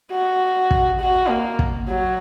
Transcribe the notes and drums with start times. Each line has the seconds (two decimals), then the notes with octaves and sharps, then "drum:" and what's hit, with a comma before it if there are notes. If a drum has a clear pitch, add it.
0.11 F#4
0.71 drum: kick
1.00 F#4
1.29 A#3
1.59 drum: kick
1.89 F#3